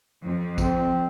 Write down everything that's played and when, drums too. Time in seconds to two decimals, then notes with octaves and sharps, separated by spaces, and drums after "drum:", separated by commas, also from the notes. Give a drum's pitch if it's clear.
0.24 F2
0.58 C4, drum: kick A1, tambourine